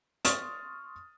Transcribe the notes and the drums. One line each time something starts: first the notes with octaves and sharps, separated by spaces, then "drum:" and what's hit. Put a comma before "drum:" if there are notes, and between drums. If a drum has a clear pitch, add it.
C6 C#6 D#6 F6 A6, drum: hi-hat